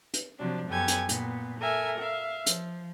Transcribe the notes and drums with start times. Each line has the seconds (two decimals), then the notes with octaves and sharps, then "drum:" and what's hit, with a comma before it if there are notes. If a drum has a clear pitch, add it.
0.14 drum: hi-hat
0.39 C3 F3 F#3 D4
0.69 F#2 B3 G4 A4 G#5 G#6
0.88 drum: hi-hat
1.09 A#2 B3, drum: hi-hat
1.60 A4 A#4 E5 G#5
1.99 E5 F5
2.46 F3, drum: hi-hat